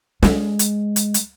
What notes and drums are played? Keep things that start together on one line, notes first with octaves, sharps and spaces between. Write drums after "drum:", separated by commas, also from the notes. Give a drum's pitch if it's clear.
G#3, drum: snare
drum: hi-hat
drum: hi-hat
drum: hi-hat